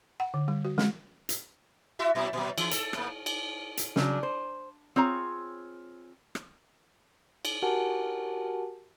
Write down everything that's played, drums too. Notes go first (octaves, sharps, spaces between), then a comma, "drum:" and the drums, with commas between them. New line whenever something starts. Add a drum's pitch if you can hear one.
F#5
D3
G3
F#4
G#3, drum: snare
drum: hi-hat
E4 F#4 E5
A#2 F#3 E4
A#2 F#3
E3, drum: cymbal
A4, drum: hi-hat
A2 A#3, drum: rim click
drum: cymbal
drum: hi-hat
C#3 F#3 D4, drum: snare
C5
C4 F4 G#4 C#5 A#5
drum: rim click
drum: cymbal
F#4 G4 A#4 F#5 G#5 A5